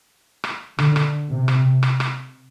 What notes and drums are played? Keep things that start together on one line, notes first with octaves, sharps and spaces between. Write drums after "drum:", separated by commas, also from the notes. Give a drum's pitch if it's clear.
drum: rim click
D3, drum: rim click
drum: rim click
C3
drum: rim click
drum: rim click
drum: rim click